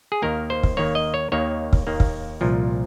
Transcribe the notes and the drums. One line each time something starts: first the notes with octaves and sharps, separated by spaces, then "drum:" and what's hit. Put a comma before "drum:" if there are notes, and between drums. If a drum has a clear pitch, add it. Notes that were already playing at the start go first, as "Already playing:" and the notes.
G#4
D#2 D#3 A#3 A#4
C5
drum: kick
D#2 D#3 A#3 C#5
D#5
C#5
D#2 D#3 A#3 C#5
drum: kick
D#2 D#3 A#3
drum: kick
C2 A#2 F3